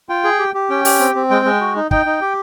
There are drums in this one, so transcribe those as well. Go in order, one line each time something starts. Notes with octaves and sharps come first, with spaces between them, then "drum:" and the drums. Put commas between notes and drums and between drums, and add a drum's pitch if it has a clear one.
F4 G5
G#4
G4
G4
C#4 G5
G4, drum: open hi-hat
C4
C4
G#3 G5
G#3
F#4
D#4
D#4 G5, drum: kick
D#4
G4